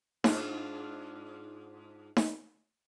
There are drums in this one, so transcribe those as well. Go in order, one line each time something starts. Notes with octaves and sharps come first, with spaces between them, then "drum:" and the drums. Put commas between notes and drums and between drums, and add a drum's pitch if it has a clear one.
G#2 D4 F4, drum: snare D#4
drum: snare D#4